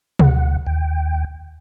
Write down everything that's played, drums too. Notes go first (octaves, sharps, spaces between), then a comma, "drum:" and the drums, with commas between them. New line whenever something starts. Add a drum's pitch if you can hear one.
D2 F#5, drum: tom
D#2 G5